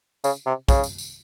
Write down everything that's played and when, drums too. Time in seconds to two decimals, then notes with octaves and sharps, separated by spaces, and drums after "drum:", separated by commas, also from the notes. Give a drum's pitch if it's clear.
0.24 C#3, drum: tambourine
0.46 C3
0.69 C#3, drum: kick, tambourine
0.84 drum: tambourine
0.98 drum: tambourine